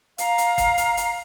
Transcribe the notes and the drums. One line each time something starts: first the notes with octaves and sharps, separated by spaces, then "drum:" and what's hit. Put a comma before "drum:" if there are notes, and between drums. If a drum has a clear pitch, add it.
F5 A#5, drum: hi-hat
drum: hi-hat
drum: kick G1, hi-hat
drum: hi-hat
drum: hi-hat